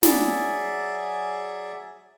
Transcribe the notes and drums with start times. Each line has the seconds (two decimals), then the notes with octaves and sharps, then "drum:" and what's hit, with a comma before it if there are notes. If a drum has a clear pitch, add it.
0.03 F#3 G#4 D5 E5, drum: snare